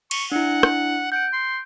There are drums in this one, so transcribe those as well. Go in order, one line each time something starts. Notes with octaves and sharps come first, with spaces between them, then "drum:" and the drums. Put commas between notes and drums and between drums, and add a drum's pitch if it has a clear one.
C#6, drum: cymbal
D4 E4 F#5
drum: rim click
F#5 G6 D7
C6